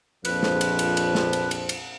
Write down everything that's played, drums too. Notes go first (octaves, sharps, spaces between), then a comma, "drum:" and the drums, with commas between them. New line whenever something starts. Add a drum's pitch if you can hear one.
A#1 F2 F3 B4, drum: cymbal
drum: snare
drum: cymbal
drum: cymbal
drum: cymbal
drum: snare
drum: cymbal
drum: cymbal
drum: cymbal